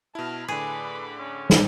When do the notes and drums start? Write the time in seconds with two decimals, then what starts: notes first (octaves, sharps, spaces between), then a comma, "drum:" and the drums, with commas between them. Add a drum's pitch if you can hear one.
0.15 B2 E4 A5 F6
0.48 A2 D3 G#4 B4 B5 D6
1.18 C#4
1.50 drum: snare